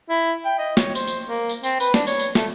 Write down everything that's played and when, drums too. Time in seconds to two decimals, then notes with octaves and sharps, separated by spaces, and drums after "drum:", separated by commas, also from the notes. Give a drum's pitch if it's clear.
0.09 E4
0.45 G5
0.59 D#5
0.77 C#5, drum: snare
0.95 C5, drum: tambourine
1.07 drum: tambourine
1.27 A#3
1.49 drum: tambourine
1.63 C4, drum: tambourine
1.80 B4, drum: tambourine
1.94 D4, drum: snare
2.07 C#5, drum: tambourine
2.19 drum: tambourine
2.35 A3, drum: snare